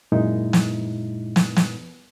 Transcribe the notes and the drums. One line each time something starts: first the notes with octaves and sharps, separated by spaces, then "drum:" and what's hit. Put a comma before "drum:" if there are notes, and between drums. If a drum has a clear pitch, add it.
F#2 A#2 G#3 D#4 E4
drum: snare
drum: snare
drum: snare